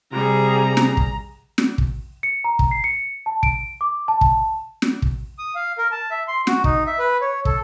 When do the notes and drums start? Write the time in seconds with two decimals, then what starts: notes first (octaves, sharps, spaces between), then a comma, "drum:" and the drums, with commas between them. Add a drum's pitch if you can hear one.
0.13 C3 G3 G#4 A#5
0.77 drum: snare
0.97 drum: kick
1.58 drum: snare
1.78 drum: kick
2.23 C#7
2.44 A#5
2.59 drum: kick
2.71 C7
2.84 C#7
3.26 A5
3.43 D7, drum: kick
3.81 D6
4.08 A5
4.21 drum: kick
4.82 drum: snare
5.02 drum: kick
5.38 D#6
5.55 F5
5.78 A#4
5.92 A5
6.11 E5
6.28 C6
6.47 F#4, drum: snare
6.64 D#4, drum: kick
6.87 E5
6.99 B4
7.21 C#5
7.45 A4, drum: kick